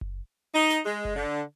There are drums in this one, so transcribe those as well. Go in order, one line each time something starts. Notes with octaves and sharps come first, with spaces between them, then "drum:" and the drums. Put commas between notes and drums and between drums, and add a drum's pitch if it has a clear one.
drum: kick F#1
D#4
drum: snare
G#3
drum: kick F#1
D3